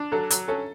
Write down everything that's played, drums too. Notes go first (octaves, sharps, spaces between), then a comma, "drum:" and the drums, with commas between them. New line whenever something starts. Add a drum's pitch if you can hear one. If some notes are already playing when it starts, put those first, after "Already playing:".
Already playing: D4
F#3 A4
F#3, drum: hi-hat
C#4 A4